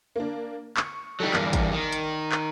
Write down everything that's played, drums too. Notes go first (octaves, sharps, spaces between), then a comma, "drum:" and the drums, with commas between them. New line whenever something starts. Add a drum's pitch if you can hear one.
A#3 D4
C#6, drum: clap
F#3 G3 D#4 A4
E2 G2 A#4 D5 A5, drum: clap
drum: kick, hi-hat
D#3
drum: hi-hat
drum: clap